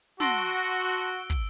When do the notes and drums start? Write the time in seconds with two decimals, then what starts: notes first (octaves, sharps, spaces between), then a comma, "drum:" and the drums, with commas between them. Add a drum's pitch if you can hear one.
0.20 F#4 A5 C6 E6 A#6 D7 G7, drum: snare
1.30 drum: kick